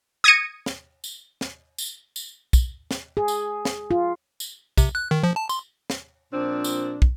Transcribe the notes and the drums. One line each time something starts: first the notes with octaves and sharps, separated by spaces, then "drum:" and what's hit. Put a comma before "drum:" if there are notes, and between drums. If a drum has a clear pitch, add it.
D#6 G#6 A#6 C#7 D#7
drum: snare
drum: tambourine
drum: snare
drum: tambourine
drum: tambourine
drum: kick, tambourine
drum: snare
G#4
drum: tambourine
drum: snare
F4
drum: tambourine
C3, drum: kick, tambourine
F#6
D#3
F3
A5
C6, drum: tambourine
drum: snare
A#2 F3 C4 D4
drum: tambourine
drum: kick